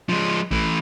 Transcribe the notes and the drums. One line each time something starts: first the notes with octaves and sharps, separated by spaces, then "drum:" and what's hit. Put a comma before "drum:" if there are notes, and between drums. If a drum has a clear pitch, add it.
F3 G#3
E3 A3, drum: kick A1